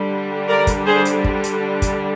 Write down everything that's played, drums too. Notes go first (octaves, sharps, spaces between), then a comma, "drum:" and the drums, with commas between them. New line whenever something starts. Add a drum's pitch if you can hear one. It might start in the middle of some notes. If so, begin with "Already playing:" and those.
Already playing: D3 G3 D4
A#4 D5
drum: kick, hi-hat
G#4 C5
drum: hi-hat
drum: kick
drum: hi-hat
drum: kick, hi-hat